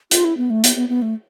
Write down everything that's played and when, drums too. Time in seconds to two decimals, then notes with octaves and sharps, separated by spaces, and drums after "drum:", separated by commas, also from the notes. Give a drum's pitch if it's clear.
0.11 F4, drum: hi-hat
0.25 E4
0.37 B3
0.50 A3
0.64 B3, drum: hi-hat
0.76 B3
0.89 B3
1.02 A3